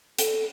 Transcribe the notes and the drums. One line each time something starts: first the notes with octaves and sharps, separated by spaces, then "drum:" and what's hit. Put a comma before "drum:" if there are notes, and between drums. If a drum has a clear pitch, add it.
A4, drum: hi-hat